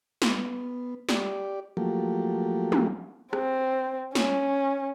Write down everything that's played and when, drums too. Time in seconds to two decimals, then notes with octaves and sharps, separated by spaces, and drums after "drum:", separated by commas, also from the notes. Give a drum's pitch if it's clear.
0.22 B3, drum: snare
1.09 G4 D5, drum: snare
1.77 F3 F#3 A3 A#3 G4
2.72 drum: tom
3.33 C4, drum: rim click
4.15 C#4, drum: snare